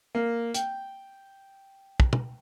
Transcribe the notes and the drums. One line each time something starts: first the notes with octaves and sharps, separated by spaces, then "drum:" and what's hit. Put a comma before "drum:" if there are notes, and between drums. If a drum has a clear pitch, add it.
A#3
G5, drum: hi-hat
drum: kick
drum: tom